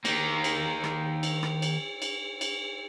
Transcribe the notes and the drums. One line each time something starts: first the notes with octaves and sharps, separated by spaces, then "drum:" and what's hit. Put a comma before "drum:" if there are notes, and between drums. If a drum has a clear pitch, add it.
D#3 A#3, drum: cymbal
drum: cymbal
drum: rim click
drum: cymbal
drum: rim click
drum: cymbal
drum: cymbal
drum: cymbal